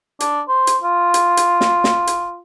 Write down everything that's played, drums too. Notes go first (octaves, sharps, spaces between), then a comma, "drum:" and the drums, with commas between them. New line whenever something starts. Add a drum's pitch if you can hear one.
D4, drum: hi-hat
C5
drum: hi-hat
F4
drum: hi-hat
drum: hi-hat
drum: snare
drum: snare
drum: hi-hat